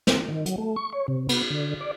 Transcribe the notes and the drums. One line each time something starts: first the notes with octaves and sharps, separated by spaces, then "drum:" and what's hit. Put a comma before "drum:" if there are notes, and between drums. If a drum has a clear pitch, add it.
C4, drum: snare
D#3
F#3, drum: hi-hat
A3
C#6
C#5
C3
B3, drum: cymbal
D3
D5